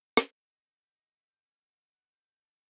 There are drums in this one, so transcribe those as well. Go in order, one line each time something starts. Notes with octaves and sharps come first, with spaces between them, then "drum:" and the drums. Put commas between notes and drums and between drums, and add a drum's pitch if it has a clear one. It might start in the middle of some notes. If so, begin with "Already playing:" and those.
drum: rim click
D#5
D#4
G4
D#5
E5
G5
C#4
F5
F#5
C5
A5
A4